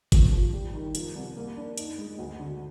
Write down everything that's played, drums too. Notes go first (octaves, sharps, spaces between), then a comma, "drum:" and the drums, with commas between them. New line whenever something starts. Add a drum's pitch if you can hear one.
F3, drum: kick G1, hi-hat
F3
G3
D#3
F3, drum: hi-hat
C2
A#3
D4
D#4, drum: hi-hat
G#3
D2
D3